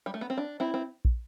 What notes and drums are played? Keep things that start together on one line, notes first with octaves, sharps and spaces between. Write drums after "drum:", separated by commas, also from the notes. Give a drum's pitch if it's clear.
G3
A3
B3
C4
D4
C4 E4
C4
drum: kick